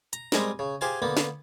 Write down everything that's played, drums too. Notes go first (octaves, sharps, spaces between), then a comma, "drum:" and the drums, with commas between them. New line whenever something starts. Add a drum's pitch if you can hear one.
A#5, drum: hi-hat
G3 G#3 C4 A#4 A#5 D#6, drum: snare
C#3
G4 G#4 C5 F5 G#5 A5
D3 A#3 B3
drum: snare